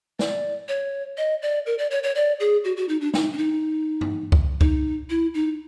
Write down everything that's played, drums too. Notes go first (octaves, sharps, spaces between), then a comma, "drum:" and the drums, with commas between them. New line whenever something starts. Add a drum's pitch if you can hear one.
D5, drum: snare
C#5
D#5
D5
A#4
D5
C#5
C#5
D5
G#4
F#4
F#4
D#4
D4
D#4, drum: snare
D4
D#4
drum: tom G2
drum: kick C#2
D#4, drum: kick C#2
E4
D#4